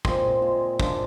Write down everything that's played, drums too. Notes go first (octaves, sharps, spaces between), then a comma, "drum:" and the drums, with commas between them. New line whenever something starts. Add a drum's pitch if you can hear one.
A#2 G#3 C4, drum: kick
A#2
G#3
C3 F3 G#3 D4, drum: kick